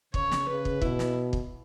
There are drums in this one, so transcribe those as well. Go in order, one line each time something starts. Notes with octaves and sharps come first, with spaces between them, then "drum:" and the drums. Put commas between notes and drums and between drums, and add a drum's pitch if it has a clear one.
C#3 C#5, drum: kick
drum: snare
C#3 B4
drum: kick
B2 E4, drum: kick
drum: snare
drum: kick